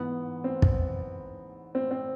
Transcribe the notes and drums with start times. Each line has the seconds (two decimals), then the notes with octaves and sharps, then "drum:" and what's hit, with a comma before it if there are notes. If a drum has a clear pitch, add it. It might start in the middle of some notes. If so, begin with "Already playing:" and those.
Already playing: G#2 E3 B3
0.44 C4
0.62 drum: kick
1.75 C4
1.91 C4